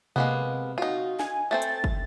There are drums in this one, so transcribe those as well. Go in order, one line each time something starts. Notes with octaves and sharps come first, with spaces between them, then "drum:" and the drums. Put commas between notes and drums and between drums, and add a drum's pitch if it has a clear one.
C3 G#3 A#3 B3
D#4 F4 F#4
G#5, drum: snare
A3 C4 C5 A6
drum: hi-hat
drum: kick